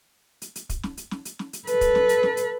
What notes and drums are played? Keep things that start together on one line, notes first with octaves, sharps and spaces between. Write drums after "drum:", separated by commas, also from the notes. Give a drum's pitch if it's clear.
drum: hi-hat
drum: hi-hat
drum: kick, hi-hat
drum: snare
drum: hi-hat
drum: snare
drum: hi-hat
drum: snare
drum: hi-hat
A4 B4, drum: hi-hat
drum: kick, hi-hat
drum: snare
drum: hi-hat
drum: snare
drum: hi-hat